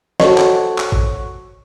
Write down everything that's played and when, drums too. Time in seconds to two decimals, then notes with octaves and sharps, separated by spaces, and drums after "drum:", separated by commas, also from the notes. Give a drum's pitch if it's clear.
0.20 F#4 A4 C5 C#5, drum: snare
0.38 drum: clap
0.78 drum: clap
0.92 drum: kick G#1